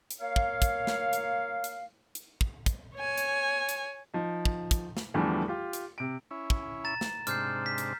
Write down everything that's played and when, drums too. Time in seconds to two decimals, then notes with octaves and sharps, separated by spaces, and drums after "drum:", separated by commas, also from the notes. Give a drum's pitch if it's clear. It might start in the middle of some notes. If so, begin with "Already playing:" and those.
0.11 drum: hi-hat
0.21 A#3 C#5 F5
0.36 drum: kick
0.62 drum: kick, hi-hat
0.87 drum: snare
1.13 drum: hi-hat
1.64 drum: hi-hat
2.15 drum: hi-hat
2.41 drum: kick
2.66 drum: kick, hi-hat
2.96 C#5 G#5
3.18 drum: hi-hat
3.69 drum: hi-hat
4.14 F3 D#4
4.45 drum: kick
4.71 drum: kick, hi-hat
4.97 drum: snare
5.14 E2 D3 E3 F3 G3 A3
5.48 F4 G4
5.73 drum: hi-hat
5.98 C3 D7
6.31 C#4 E4
6.50 drum: kick
6.84 A#5 A6 E7
7.01 drum: snare
7.27 G#2 C3 D4 F6 G6 C7, drum: hi-hat
7.66 B6
7.78 drum: hi-hat